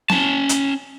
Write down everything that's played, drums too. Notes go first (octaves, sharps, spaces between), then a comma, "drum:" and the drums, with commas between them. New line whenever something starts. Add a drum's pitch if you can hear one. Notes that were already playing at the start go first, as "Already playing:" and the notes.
C#4 A5, drum: snare
drum: hi-hat